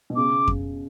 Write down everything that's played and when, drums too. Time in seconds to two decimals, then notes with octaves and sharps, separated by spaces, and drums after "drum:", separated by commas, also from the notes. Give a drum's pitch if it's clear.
0.10 B2
0.16 C#3 D6
0.48 drum: kick F2